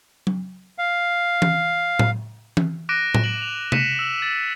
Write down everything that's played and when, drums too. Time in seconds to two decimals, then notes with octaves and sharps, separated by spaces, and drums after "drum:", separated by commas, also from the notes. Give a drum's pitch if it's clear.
0.27 drum: tom F#3
0.78 F5
1.42 drum: tom E3
1.99 drum: tom A2
2.57 drum: tom E3
2.89 D6 F#6 A#6 D7 D#7
3.15 drum: tom A2
3.24 A#6 D7 E7 F#7
3.42 F7
3.72 B6 C#7 D#7 E7, drum: tom C3
3.99 E6
4.22 A6